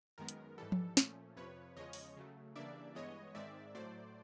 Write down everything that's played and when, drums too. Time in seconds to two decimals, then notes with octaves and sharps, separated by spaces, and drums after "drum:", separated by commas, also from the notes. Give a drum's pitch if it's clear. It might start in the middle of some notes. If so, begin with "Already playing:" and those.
0.18 F#2 D#3 G#3 B3 A#4
0.29 drum: hi-hat
0.58 G#2 E3 G3 A4
0.72 drum: tom F3
0.97 A#2 F3 A3 C#4, drum: snare
1.36 F2 C3 F3 B4 C#5
1.76 E2 C#3 F3 G#3 C#4 C#5 D#5
1.93 drum: open hi-hat
2.17 C#3 F#3 A3
2.56 C#3 E3 G3 A#3 D4 D5 E5
2.95 G2 E3 G#3 B3 C#5 D#5
3.35 G#2 D#3 G#3 C4 D5 E5
3.75 A2 F#3 A3 C5 D5